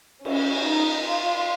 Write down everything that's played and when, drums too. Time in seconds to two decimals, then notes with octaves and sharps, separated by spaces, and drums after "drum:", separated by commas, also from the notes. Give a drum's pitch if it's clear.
0.25 C#4, drum: cymbal
0.65 D#4
1.06 F4